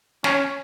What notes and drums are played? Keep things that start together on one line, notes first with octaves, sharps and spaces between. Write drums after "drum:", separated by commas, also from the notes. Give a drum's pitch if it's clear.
C#4, drum: snare